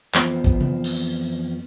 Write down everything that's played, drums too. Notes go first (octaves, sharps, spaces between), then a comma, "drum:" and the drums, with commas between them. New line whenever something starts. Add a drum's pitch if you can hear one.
F2 E3 B3 F4 C5, drum: clap
drum: kick
drum: tom
drum: cymbal